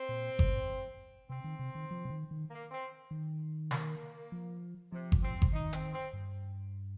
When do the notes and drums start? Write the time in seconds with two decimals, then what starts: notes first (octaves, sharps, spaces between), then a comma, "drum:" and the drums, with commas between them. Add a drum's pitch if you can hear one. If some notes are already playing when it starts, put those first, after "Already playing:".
Already playing: C4
0.09 A#2
0.39 G2, drum: kick G1
1.29 C3 C4
1.44 D#3
1.59 C3
1.75 D#3
1.91 F3
2.05 C3
2.10 D#3
2.31 D#3
2.51 A#3
2.71 C4
3.11 D#3
3.71 A#3, drum: snare
4.32 F3
4.92 C3 F3
5.12 drum: kick G1
5.22 C4
5.42 drum: kick G1
5.52 D#3 D#4
5.73 C4, drum: hi-hat
5.93 C4
6.13 G2